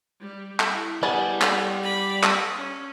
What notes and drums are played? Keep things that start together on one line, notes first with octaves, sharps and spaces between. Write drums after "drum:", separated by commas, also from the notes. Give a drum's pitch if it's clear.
G3
drum: clap
E4
G3 B3 G#4 A5
drum: clap
D5 B5
drum: clap
C#4